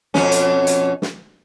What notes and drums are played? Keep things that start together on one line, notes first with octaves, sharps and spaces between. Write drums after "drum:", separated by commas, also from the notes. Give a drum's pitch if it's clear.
F2 B2 C#4, drum: snare
drum: hi-hat
drum: hi-hat
drum: snare